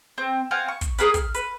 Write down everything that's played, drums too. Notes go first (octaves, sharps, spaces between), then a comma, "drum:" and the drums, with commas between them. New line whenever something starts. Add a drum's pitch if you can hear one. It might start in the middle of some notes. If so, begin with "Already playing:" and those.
C4
C4 F5 F#5 G#5
C#6
drum: kick, hi-hat
G#4 A#4 B4, drum: hi-hat
F6, drum: kick, hi-hat
B4, drum: hi-hat